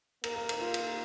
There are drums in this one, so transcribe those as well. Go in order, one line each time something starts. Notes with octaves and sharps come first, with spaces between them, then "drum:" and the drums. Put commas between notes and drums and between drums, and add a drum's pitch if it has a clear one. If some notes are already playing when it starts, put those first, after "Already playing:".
A#3 A#4, drum: cymbal
A#4
A#4, drum: cymbal
F4
drum: cymbal